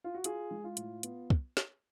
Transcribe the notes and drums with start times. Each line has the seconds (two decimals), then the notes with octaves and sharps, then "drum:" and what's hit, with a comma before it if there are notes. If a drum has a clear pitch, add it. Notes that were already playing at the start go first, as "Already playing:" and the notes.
0.04 F4
0.14 F#4
0.24 F4 G#4, drum: hi-hat
0.51 G#3
0.64 F4
0.77 A2, drum: hi-hat
1.03 B3, drum: hi-hat
1.30 drum: kick
1.57 drum: snare